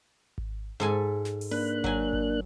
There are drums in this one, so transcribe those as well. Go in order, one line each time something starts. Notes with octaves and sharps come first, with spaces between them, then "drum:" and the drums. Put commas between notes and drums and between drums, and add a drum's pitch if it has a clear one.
drum: kick G#1
G#2 A4 G#5
drum: snare
drum: open hi-hat
A#3 D4 B4 F#6
F#3 G#5, drum: kick G#1
drum: kick G#1